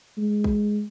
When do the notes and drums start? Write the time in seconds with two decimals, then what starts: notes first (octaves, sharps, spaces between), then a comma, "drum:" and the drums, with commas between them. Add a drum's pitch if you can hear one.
0.18 G#3
0.44 drum: kick A1